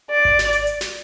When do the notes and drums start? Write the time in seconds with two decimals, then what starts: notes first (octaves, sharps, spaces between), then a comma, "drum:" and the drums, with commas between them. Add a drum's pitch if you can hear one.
0.11 D5
0.25 drum: kick G#1
0.39 drum: snare
0.53 drum: hi-hat
0.67 drum: hi-hat
0.81 drum: snare